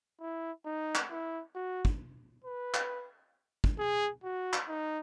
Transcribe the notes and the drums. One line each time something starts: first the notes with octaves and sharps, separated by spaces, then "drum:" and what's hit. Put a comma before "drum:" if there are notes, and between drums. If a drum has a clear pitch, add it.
E4
D#4
drum: clap
E4
F#4
drum: kick
B4
drum: clap
drum: kick
G#4
F#4
drum: clap
D#4